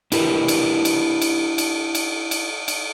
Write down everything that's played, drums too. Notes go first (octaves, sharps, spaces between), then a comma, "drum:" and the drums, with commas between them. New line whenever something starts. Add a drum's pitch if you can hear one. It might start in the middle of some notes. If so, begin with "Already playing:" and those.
D4 E4 G4 A#4 B4, drum: cymbal
drum: cymbal
drum: cymbal
drum: cymbal
drum: cymbal
drum: cymbal
drum: cymbal
drum: cymbal